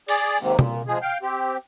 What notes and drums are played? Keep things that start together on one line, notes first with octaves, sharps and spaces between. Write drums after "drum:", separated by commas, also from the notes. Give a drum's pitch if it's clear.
G#4 D5, drum: open hi-hat
D#2 G#2 C3
A#2, drum: tom B2
F3 G#3 G#4
F5 G5
C4 G4